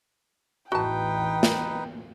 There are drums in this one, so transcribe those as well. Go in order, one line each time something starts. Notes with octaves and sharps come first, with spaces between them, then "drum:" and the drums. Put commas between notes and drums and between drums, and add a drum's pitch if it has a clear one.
A1 E2 E3 D#4 F#4 B4 G5 A5
drum: snare